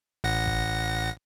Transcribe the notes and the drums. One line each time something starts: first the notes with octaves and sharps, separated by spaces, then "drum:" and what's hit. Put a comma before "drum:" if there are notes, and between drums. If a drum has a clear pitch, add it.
A1 F#5 A#6
drum: kick G1